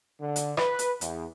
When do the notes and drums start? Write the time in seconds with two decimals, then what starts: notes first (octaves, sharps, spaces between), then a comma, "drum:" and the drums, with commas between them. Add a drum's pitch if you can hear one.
0.21 D3
0.36 drum: hi-hat
0.57 B4, drum: rim click
0.79 drum: hi-hat
1.01 E2, drum: hi-hat